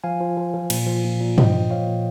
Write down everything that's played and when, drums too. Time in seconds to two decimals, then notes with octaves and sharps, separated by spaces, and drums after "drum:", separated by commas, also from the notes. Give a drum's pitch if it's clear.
0.04 F3 F5 G#5
0.20 F3
0.37 F3
0.54 F3
0.70 A#2, drum: cymbal
0.87 F3
1.04 A#2
1.21 A#2
1.38 F3 D#5 G5, drum: tom
1.54 A#2
1.70 F3 C#5 F5
1.87 A#2